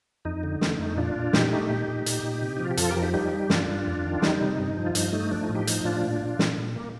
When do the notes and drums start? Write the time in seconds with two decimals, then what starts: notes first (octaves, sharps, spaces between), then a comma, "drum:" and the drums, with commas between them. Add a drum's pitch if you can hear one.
0.25 F2 D#4
0.43 D3
0.61 A3, drum: snare
0.79 F2
0.97 A#2 D4 F4
1.16 A#2
1.33 A#2 D#4 G4, drum: snare
1.51 A3
1.70 A#2
1.88 A#2
2.06 A#2, drum: hi-hat
2.23 A#2
2.42 C3
2.57 D#4
2.60 F3 F4
2.71 G4
2.77 F2 F4 A4, drum: hi-hat
2.90 G4 A#4
2.96 F3
3.02 D#4 G4
3.14 G3 D#4 G4
3.33 G3
3.50 G2 D4 F4, drum: snare
3.69 G2
3.87 F2
4.04 D#3
4.22 G3 D#4, drum: snare
4.41 C3
4.59 G2
4.77 F3
4.86 F4
4.95 G2 D#4, drum: hi-hat
5.12 A3 D#4
5.31 F3 D4
5.43 D#4
5.49 A2
5.55 D#4 G4
5.67 F3 D#4, drum: hi-hat
5.84 A2 D4 F4
6.03 A#2
6.21 A#2
6.39 A#2, drum: snare
6.58 A#2
6.76 A#3